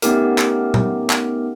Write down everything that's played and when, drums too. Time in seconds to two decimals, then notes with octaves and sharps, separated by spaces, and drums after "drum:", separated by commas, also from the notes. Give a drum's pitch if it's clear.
0.02 A3 B3 C#4 D#4 G4 A#4, drum: hi-hat
0.38 drum: clap
0.74 drum: tom A#2
1.10 drum: clap